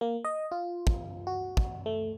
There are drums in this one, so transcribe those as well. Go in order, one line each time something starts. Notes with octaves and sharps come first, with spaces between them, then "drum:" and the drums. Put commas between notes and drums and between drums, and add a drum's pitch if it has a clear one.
A#3
D#5
F4
drum: kick
F#4
drum: kick
A3